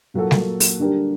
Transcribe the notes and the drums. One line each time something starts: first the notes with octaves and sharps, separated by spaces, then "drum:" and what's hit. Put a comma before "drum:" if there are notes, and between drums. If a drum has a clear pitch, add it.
A#2 F#3 A#3 F#4 A4
drum: snare G3
drum: open hi-hat
D3 G3 D4 G4 A#4